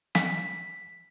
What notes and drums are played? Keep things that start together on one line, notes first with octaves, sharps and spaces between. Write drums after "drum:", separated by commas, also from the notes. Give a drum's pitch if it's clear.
B6, drum: snare